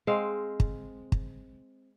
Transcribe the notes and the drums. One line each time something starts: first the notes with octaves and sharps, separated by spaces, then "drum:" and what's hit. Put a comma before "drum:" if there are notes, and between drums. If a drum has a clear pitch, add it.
G#3 C4 F5
drum: kick
drum: kick